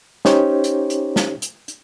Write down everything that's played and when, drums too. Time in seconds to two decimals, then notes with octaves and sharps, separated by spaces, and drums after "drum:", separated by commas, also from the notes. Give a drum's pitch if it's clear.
0.25 C#4 D#4 G4 C5 C#5, drum: snare
0.64 drum: hi-hat
0.90 drum: hi-hat
1.16 drum: snare
1.42 drum: hi-hat
1.68 drum: hi-hat